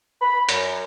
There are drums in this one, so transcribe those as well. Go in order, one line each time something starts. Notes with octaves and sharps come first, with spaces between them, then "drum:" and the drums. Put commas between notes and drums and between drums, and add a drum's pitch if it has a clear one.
B5
F#2, drum: hi-hat